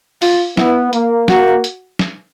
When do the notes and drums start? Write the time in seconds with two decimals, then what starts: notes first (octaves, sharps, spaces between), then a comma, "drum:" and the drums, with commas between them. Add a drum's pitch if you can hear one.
0.22 F4, drum: open hi-hat
0.57 B3 E4, drum: snare
0.93 A#3, drum: hi-hat
1.28 A#3 F#4, drum: snare
1.64 drum: hi-hat
1.99 drum: snare